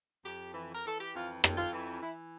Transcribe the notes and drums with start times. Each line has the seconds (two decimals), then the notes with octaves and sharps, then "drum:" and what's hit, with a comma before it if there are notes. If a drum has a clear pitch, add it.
0.25 F2 G4
0.54 E3
0.75 A#4
0.84 E3 A4
1.00 G4
1.13 F2 F4
1.44 F2, drum: rim click
1.57 F4
1.73 E3
2.02 E3 E4